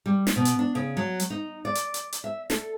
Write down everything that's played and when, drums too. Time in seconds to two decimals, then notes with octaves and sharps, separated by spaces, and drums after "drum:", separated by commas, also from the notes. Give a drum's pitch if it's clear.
0.06 G3
0.27 drum: snare
0.36 B2
0.45 drum: hi-hat
0.59 D4
0.75 C#3
0.97 F#3
1.20 drum: hi-hat
1.30 D#4
1.65 D5
1.75 drum: hi-hat
1.94 drum: hi-hat
2.13 drum: hi-hat
2.24 E5
2.50 A4, drum: snare